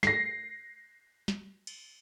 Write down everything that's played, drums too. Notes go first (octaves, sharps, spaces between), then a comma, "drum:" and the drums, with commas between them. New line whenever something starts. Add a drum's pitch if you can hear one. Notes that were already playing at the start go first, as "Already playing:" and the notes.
A#6 C7, drum: snare
drum: snare
drum: cymbal